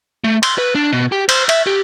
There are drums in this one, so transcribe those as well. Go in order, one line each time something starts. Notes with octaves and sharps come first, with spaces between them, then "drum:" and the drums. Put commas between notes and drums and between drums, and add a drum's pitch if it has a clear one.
A3
C6, drum: cymbal
B4
D4
B2
G4
C5, drum: cymbal
E5, drum: cymbal
G4